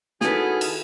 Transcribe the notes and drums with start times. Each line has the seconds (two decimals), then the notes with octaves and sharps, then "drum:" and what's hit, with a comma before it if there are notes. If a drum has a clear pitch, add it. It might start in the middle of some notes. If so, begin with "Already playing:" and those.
0.21 D#3 C#4 E4 F#4 G#4 A4 B4, drum: snare
0.61 drum: cymbal